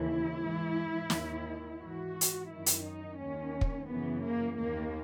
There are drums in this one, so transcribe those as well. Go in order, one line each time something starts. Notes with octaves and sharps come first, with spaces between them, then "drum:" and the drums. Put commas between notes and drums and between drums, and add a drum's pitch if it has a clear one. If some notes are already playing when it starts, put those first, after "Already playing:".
Already playing: D#2 C#3 E3 E4
G#2 E3
D#2 D#3, drum: snare
G#2 E3 F#4
drum: hi-hat
F#2 D#3 E4
drum: hi-hat
D#4
D#2 D#3 C#4
drum: kick
F#2 C#3 E3 B3
A#3
D#2 D#3 A#3